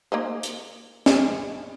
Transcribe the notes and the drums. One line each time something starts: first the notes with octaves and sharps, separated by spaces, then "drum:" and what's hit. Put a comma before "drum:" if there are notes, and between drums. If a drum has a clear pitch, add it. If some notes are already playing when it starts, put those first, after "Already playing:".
A#3 D#4 C5
drum: hi-hat
drum: snare